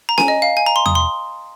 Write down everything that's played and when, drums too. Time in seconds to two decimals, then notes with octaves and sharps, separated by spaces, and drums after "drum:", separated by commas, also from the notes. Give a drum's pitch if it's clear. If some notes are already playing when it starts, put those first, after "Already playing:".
0.09 A#5
0.18 G#5, drum: snare C#4
0.28 D#5
0.42 F5
0.57 G#5
0.66 A#5
0.76 C6
0.86 D#6, drum: tom E2
0.95 C6